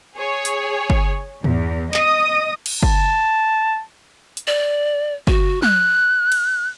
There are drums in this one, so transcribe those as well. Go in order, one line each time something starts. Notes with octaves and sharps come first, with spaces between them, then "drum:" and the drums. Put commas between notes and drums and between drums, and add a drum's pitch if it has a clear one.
G#4 C#5
drum: hi-hat
drum: kick
E2, drum: tom
D#5 D#6, drum: clap
drum: cymbal
A5, drum: kick
drum: hi-hat
D5
F#4, drum: kick
F#6, drum: tom
drum: cymbal